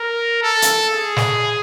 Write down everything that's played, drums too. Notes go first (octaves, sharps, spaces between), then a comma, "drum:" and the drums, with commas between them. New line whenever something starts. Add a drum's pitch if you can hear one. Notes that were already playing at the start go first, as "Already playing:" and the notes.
Already playing: A#4
A4
drum: hi-hat
G#4
drum: snare